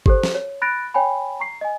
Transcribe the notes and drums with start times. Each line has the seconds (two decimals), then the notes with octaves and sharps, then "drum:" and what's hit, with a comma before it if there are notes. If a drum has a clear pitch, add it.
0.06 G4 A4 C5, drum: kick G1
0.23 drum: snare
0.34 C#5
0.62 B5 F#6 A6 A#6 D7
0.94 C#5 G5 G#5 B5
1.40 A#5 C#6 C7
1.61 D#5 G#5